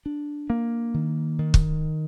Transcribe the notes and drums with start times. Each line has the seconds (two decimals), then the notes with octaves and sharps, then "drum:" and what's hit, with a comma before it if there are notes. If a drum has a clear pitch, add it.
0.06 D4
0.50 A#3
0.94 D#3
1.39 D#3
1.54 drum: kick